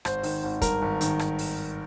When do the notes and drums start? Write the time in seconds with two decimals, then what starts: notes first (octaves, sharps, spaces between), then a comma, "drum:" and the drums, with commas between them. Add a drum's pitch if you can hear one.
0.05 G#1 C5, drum: rim click
0.23 D#3, drum: open hi-hat
0.43 G#1
0.62 G2 A#4, drum: kick, hi-hat
0.82 G#1
1.01 D#3, drum: hi-hat
1.19 drum: rim click
1.39 drum: open hi-hat